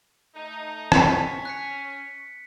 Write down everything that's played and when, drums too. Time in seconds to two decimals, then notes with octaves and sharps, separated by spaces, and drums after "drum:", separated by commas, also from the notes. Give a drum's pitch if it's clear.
0.35 A3 D#4
0.92 C#4 B6, drum: rim click
1.45 F#6 B6 C#7